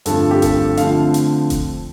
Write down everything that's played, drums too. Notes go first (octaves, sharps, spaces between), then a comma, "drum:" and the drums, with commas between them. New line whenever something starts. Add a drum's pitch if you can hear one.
G2 D3 F3 A3 C4 A4, drum: hi-hat
G4
A4, drum: kick E1, hi-hat
D3 F3 A3 C4 F5, drum: hi-hat
drum: hi-hat
drum: kick E1, hi-hat